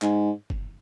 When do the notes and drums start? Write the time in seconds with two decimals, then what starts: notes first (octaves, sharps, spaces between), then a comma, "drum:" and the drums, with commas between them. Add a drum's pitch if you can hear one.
0.02 G#2, drum: clap
0.50 drum: kick F#1